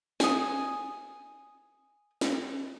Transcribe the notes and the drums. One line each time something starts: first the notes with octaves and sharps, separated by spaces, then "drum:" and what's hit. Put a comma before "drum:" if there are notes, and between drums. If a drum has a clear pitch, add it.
G#5 D#6, drum: snare
drum: snare